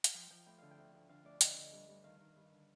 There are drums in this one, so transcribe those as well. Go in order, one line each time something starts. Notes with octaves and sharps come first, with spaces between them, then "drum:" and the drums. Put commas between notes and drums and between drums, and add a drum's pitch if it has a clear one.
F5, drum: hi-hat
F3 G5
F3 G5
A2 G5
D3 F5
G5
D2
D2
D3 F5
D2 D5
D2 D#5, drum: hi-hat
D3
G2
G2
D#3 F5
D#3
G2
D3